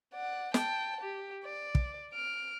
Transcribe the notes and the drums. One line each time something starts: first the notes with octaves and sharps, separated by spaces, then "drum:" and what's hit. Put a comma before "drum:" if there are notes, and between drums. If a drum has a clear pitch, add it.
D5 F#5
G5 A5, drum: snare
G4
D5
drum: kick
F6 D7